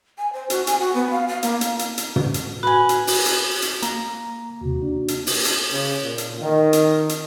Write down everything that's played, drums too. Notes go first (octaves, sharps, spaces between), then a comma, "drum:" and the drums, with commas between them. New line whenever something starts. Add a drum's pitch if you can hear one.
G#5
C5
F#4, drum: hi-hat
G#5, drum: hi-hat
F#4
B3
F5
F5
A#3, drum: hi-hat
drum: hi-hat
drum: hi-hat
drum: hi-hat
drum: tom
drum: hi-hat
F#4 B4 G#5
drum: hi-hat
drum: open hi-hat
drum: hi-hat
drum: hi-hat
A#3 A#5, drum: hi-hat
D#2 C3 F#4
D4
drum: hi-hat
drum: open hi-hat
drum: hi-hat
C#3
A#2
drum: hi-hat
D#3
drum: hi-hat
drum: hi-hat